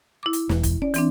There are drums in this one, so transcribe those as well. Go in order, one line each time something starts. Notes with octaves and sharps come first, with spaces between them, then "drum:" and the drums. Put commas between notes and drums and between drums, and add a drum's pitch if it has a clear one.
E4 D6
drum: hi-hat
E1, drum: snare
drum: kick, hi-hat
C#4 D5
E3 C4 D4, drum: hi-hat